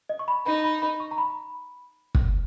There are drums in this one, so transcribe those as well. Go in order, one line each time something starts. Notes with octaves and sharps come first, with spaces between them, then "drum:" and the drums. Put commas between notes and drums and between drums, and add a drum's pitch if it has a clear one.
D#5
C#6
B5
D#4 B5
B5
B5
C#6
A#5
B5
drum: kick